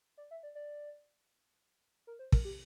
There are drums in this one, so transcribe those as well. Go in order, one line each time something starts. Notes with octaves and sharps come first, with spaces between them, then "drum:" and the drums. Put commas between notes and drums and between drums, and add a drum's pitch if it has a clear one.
D5
E5
D5
D5
A#4
C5
A#4, drum: kick
G4